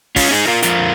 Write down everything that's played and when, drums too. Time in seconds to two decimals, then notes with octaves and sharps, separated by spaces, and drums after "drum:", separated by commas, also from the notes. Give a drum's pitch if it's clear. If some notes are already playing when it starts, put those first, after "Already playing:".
0.16 C#4 F4, drum: kick, open hi-hat
0.31 D#4 G#4
0.47 F4 A#4
0.62 F2 F3 F4 A#4, drum: hi-hat